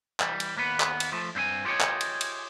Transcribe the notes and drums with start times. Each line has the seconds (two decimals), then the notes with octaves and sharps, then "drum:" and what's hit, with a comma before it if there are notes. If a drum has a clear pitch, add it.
0.20 E3 G3, drum: clap
0.40 drum: cymbal
0.56 D#2 A#3 B3 B4
0.80 drum: clap
1.00 drum: cymbal
1.12 F3 A3
1.35 G2 C4 C5 G#5
1.65 F4 G4 G#4 C#5 D#5
1.81 drum: clap
2.01 drum: cymbal
2.21 drum: cymbal